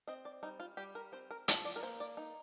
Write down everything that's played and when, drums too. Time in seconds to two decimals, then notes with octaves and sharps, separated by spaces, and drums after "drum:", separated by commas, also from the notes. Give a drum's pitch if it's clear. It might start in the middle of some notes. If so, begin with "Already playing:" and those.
0.08 C4 D#5
0.25 D5
0.43 G3 D#4
0.60 F4
0.77 G3 G4
0.95 A#4
1.12 C4 C5
1.31 A#4
1.48 F3 D#5, drum: hi-hat
1.65 D5
1.76 A#4
1.83 A#3 C5
2.00 D5
2.17 D#4